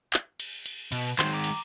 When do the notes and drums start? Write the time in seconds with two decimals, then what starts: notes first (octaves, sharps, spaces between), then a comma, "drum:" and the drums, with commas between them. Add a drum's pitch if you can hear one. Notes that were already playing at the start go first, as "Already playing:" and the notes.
0.13 drum: clap
0.40 drum: cymbal
0.66 drum: cymbal
0.92 B2, drum: cymbal
1.19 D#3 F#3 G#3 C5, drum: clap
1.33 A#5 D6
1.44 drum: cymbal